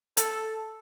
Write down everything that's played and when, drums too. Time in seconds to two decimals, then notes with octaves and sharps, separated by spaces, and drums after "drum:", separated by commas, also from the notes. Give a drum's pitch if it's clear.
0.17 A4, drum: hi-hat